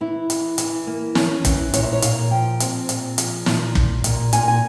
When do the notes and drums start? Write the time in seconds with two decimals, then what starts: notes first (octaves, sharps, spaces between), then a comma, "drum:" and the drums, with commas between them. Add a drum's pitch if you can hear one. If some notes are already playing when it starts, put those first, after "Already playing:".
0.01 E3 E4
0.30 E3, drum: hi-hat
0.58 E3, drum: hi-hat
0.87 A#3
1.15 C#4, drum: snare
1.45 E3, drum: kick, hi-hat
1.74 A#2 C#5, drum: hi-hat
1.83 E5
1.93 C#5
2.02 A#2 F5, drum: hi-hat
2.31 F3 G5
2.60 C4, drum: hi-hat
2.89 A#2, drum: hi-hat
3.18 F3, drum: hi-hat
3.46 A#2, drum: snare
3.75 A#2, drum: kick
4.04 A#2, drum: hi-hat
4.33 A#2 G#5, drum: hi-hat
4.48 G#5